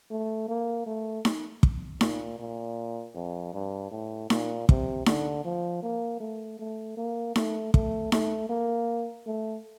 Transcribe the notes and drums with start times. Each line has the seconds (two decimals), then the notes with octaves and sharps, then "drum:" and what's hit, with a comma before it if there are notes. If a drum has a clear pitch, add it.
0.11 A3
0.48 A#3
0.86 A3
1.25 drum: snare D#4
1.63 drum: kick
2.01 A#2, drum: snare D#4
2.39 A#2
3.15 F2
3.54 G2
3.92 A2
4.30 A#2, drum: snare D#4
4.69 C3, drum: kick
5.06 D3, drum: snare D#4
5.45 F3
5.82 A#3
6.20 A3
6.59 A3
6.97 A#3
7.36 A3, drum: snare D#4
7.74 A3, drum: kick
8.12 A3, drum: snare D#4
8.49 A#3
9.27 A3